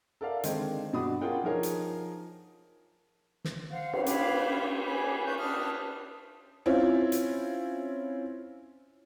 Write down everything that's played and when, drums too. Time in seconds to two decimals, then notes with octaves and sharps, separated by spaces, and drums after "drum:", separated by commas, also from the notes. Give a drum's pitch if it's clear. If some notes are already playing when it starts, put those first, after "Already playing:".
0.21 A4 A#4 D5 E5 F5
0.43 D3 D#3 G#3 C4 D#4, drum: hi-hat
0.93 G2 B2 D4 F#4 B5 D#6
1.21 C#4 F4 G#4 A#4 F#5 G5
1.44 F3 D#4 G#4 A#4 C#5
1.63 drum: hi-hat
3.44 drum: snare
3.71 C5 F5 F#5
3.93 F5, drum: cymbal
4.06 C#5 F5 B5 D6, drum: hi-hat
4.85 G#4 G#5 B5 D6
5.26 B4 C#6 G6
5.38 D4 A5 D#6 F6
6.66 C4 C#4 E4 F4
7.12 drum: hi-hat